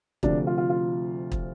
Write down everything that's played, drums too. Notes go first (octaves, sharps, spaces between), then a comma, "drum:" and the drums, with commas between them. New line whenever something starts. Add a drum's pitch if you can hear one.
D2 C3 F3 D4, drum: kick
F4
F4
F4
drum: kick